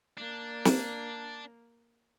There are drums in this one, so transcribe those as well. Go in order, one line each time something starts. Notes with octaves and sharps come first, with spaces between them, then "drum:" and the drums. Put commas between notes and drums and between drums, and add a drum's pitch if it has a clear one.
A#3 D4
drum: snare